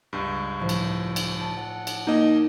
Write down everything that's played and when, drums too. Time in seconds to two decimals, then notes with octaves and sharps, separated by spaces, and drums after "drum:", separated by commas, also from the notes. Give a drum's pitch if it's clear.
0.13 C#2 G2
0.60 A2 F3
0.69 drum: cymbal
1.16 drum: cymbal
1.40 A5 E6
1.57 F#5
1.87 drum: cymbal
2.07 A#3 D#4 D#5